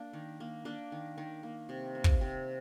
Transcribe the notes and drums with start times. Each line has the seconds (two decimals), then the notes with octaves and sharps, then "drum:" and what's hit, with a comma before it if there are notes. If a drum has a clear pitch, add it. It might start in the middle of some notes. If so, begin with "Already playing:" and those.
Already playing: A#3 D4
0.13 D#3
0.40 A#3
0.65 A#3 D4
0.92 D#3
1.18 D#3
1.43 A#3
1.69 C3
1.95 A#3
2.04 drum: kick
2.21 C3